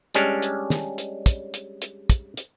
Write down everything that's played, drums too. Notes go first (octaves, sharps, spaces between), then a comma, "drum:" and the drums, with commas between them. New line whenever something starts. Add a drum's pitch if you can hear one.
G3 G#3 C#4 D4, drum: hi-hat
drum: hi-hat
drum: snare
drum: hi-hat
drum: kick, hi-hat
drum: hi-hat
drum: hi-hat
drum: kick, hi-hat
drum: hi-hat